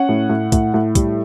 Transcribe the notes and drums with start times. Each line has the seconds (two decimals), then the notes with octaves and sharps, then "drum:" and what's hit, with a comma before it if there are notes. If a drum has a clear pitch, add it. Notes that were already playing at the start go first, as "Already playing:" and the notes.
Already playing: C#4 F#5
0.09 A2
0.29 A2
0.52 A2, drum: kick, hi-hat
0.74 A2
0.95 G3, drum: kick, hi-hat